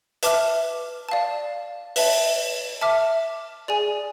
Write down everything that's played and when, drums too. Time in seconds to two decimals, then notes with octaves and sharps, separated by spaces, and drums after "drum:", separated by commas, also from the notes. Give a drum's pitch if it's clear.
0.23 B4 E5 A5 D6 F6, drum: hi-hat
1.09 D5 F5 A5
1.96 B4 E5 A5, drum: open hi-hat
2.81 E5 A5 D6 F6
3.68 G#4 D5 G#5